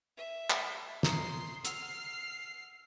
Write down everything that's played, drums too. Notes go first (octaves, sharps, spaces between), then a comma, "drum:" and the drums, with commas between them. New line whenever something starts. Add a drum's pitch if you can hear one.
E5
drum: clap
A#5 C6 D#6 C7, drum: snare
F#5 E6 F6 C7, drum: hi-hat